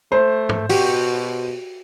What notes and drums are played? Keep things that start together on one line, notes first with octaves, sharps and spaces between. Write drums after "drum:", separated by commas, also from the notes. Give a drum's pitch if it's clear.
A3 C5
drum: tom
B2 F#4 G4, drum: open hi-hat